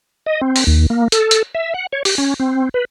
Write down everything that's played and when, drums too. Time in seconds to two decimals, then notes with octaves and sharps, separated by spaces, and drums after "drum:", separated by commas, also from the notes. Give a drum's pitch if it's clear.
0.26 D#5
0.42 C4
0.56 drum: open hi-hat
0.67 D#2
0.90 A#3
1.12 A4, drum: hi-hat
1.31 drum: hi-hat
1.55 E5
1.74 F#5
1.93 C#5
2.05 G4, drum: open hi-hat
2.18 C#4
2.40 C4
2.74 B4